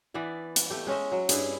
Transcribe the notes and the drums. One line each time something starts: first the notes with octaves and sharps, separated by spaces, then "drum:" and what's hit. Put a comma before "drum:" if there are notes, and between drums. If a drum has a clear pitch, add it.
E3 B3 D5 E5
drum: hi-hat
A3 G4
G#3 C#4 D#5 E5
F#3
G2 E4 G#4, drum: hi-hat